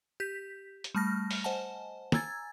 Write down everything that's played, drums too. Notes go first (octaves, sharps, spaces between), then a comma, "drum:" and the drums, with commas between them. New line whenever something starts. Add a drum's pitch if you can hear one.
G4 G6 B6
drum: hi-hat
G3 A3 A5 F6 A#6
drum: open hi-hat
C5 D#5 F#5 G#5 A5
G#5 A#5 E6 G#6 A6, drum: snare